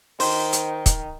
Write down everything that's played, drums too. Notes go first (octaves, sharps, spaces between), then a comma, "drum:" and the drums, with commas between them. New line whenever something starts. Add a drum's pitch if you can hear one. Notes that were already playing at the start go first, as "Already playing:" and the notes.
D#3 C5, drum: open hi-hat
drum: hi-hat
drum: kick, hi-hat